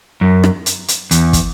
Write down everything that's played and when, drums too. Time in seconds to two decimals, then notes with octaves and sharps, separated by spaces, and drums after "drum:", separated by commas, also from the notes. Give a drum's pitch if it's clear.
0.21 F#2
0.44 drum: rim click
0.66 drum: hi-hat
0.88 drum: hi-hat
1.11 E2, drum: hi-hat
1.33 drum: kick, hi-hat